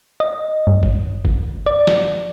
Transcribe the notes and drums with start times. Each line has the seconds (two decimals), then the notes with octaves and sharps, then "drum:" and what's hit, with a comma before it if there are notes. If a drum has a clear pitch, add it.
0.20 D#5
0.67 G2
0.83 drum: kick G1
1.25 drum: kick G1
1.66 D5
1.87 drum: snare